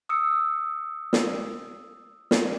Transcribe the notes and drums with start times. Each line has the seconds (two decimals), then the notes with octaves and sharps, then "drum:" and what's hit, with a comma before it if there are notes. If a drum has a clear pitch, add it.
0.09 D#6 E6 C#7
1.13 drum: snare
2.31 drum: snare